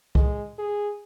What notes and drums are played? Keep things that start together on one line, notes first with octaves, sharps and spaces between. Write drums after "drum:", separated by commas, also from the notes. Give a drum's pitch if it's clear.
G#3, drum: kick
G#4